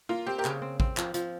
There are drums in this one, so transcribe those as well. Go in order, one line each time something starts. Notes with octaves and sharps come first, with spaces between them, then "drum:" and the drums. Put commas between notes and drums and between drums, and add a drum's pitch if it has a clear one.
A#3 F4
C4 G4
G4 A#4
C#3, drum: clap
C4
C4, drum: kick
F3, drum: clap
F3, drum: hi-hat